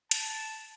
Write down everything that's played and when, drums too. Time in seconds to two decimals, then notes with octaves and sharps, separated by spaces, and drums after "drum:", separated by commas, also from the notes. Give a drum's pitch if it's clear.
0.11 A5, drum: hi-hat